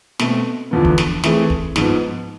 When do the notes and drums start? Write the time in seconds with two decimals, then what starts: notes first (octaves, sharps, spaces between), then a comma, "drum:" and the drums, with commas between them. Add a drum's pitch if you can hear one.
0.19 B2 A3 C4, drum: snare
0.71 E2 D3 F3 B3
0.85 drum: kick
0.98 drum: snare
1.24 E3 A3 C4 G#4, drum: snare
1.50 drum: kick
1.76 G#2 F3 B3, drum: snare